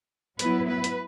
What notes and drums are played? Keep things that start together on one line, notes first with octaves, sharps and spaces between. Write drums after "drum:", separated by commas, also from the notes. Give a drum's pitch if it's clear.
F#3 B3 E4 B4, drum: hi-hat
B4
drum: hi-hat